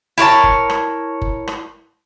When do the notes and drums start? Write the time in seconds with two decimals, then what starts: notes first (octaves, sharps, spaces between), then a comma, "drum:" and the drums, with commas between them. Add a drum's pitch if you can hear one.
0.18 E4 A#4 C#5 A5
0.44 drum: kick F#1
0.70 drum: rim click
1.22 drum: kick F#1
1.47 drum: rim click